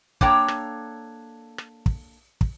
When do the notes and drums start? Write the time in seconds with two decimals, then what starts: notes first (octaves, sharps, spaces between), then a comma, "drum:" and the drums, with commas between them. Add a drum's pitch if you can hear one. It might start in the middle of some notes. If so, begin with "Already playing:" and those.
0.21 A#3 D4 A4 C#5 G5 A#5, drum: kick
0.48 drum: rim click
1.58 drum: rim click
1.86 drum: kick
2.41 drum: kick